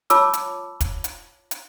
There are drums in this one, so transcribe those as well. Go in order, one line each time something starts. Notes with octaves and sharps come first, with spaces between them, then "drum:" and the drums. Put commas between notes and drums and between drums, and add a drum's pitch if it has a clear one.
F4 C#5 A5 B5 D6 E6, drum: hi-hat
drum: hi-hat
drum: kick, hi-hat
drum: hi-hat
drum: hi-hat